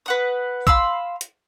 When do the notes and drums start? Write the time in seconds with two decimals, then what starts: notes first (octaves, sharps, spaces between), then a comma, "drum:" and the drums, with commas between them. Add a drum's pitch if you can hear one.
0.06 B4 F#5 D#6
0.67 F5 B5 C6 E6, drum: kick A#1
1.21 drum: hi-hat